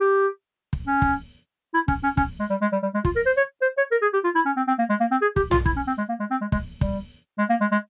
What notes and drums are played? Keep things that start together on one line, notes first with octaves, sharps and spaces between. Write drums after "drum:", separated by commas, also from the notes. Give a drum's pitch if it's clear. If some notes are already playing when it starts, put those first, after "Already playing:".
G4
drum: kick
C#4
drum: kick
E4
C#4, drum: kick
C#4
C#4, drum: kick
G#3
G3
G#3
G3
G3
G#3
F4, drum: kick
A#4
C5
C#5
C5
C#5
A#4
G#4
G4
F4
E4
C#4
C4
C4
A#3
G#3
A#3
C4
G#4
G4, drum: kick
F4, drum: tom
E4, drum: kick
C#4
C4
G#3
A#3
G#3
C4
G#3
G#3, drum: kick
G3, drum: kick
G#3
A#3
G#3
G#3